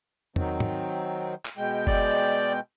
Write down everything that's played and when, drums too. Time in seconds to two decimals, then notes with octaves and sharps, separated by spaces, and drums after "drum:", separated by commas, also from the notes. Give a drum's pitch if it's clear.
0.36 D#3 F#3 C4, drum: tom E2
0.60 drum: tom G#2
1.45 drum: clap
1.57 B2 G#3 G5
1.87 D5, drum: kick F#1